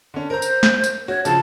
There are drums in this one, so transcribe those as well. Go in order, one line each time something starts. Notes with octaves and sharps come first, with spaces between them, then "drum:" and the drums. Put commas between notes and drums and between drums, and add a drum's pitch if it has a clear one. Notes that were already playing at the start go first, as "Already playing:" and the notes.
D3 C#4
A#4 C5 A#5
drum: tambourine
drum: snare
drum: tambourine
F#4 C#5
C#3 F3 A5, drum: tambourine